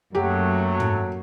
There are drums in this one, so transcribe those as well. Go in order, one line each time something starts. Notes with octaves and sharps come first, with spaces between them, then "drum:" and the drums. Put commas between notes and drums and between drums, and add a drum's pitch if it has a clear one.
F#2 F#3 A3 A#3 G4
drum: tom